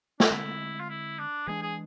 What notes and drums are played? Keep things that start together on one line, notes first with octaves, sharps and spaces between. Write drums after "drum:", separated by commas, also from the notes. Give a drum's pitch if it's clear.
D4, drum: snare
D3 G#3 C4 E4
F4
E4
D4
E3 G#3 B3 D4 G#4
G#4